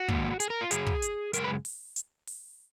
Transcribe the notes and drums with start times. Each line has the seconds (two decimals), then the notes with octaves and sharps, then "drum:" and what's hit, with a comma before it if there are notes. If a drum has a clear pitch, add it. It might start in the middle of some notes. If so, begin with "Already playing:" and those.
Already playing: F#4
0.08 G#2 D#3 A#3, drum: kick
0.40 G#4, drum: hi-hat
0.50 A#4
0.61 F4
0.71 F#2 C#3 F#3 G#4, drum: hi-hat
0.87 drum: kick
1.02 drum: hi-hat
1.33 F#2 C#3 G#3 A#4, drum: hi-hat
1.44 B4
1.65 drum: open hi-hat
1.96 drum: hi-hat
2.27 drum: open hi-hat